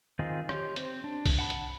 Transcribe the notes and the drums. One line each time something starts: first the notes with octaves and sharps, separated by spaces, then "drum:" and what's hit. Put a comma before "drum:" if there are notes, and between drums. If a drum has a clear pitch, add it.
D#3 C4 D#4 F4 G#4
G4 C#5 C6 G6, drum: rim click
C4 C5, drum: hi-hat
D4
drum: kick B1, open hi-hat
F#5 A5 B5
drum: hi-hat